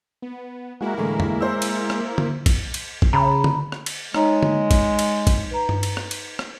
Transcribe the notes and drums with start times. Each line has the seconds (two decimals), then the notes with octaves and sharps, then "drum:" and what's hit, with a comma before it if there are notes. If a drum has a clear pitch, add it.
0.22 B3
0.81 G#3 A#3 E4 F#4 A#4
0.98 A2 D3 E3 G#3
1.20 drum: tom
1.41 C5 E6
1.62 drum: cymbal
1.90 drum: rim click
2.18 drum: tom D3
2.46 drum: kick, cymbal
2.74 drum: cymbal
3.02 drum: kick
3.13 C#3 A#5 B5
3.44 drum: tom D3
3.72 drum: rim click
3.86 drum: cymbal
4.14 G#3 D#4 C#5 A#5, drum: rim click
4.43 drum: tom D3
4.71 drum: kick, cymbal
4.99 drum: cymbal
5.27 drum: kick, cymbal
5.51 B4 A#5
5.69 drum: tom G2
5.83 drum: cymbal
5.97 drum: rim click
6.11 drum: cymbal
6.39 drum: rim click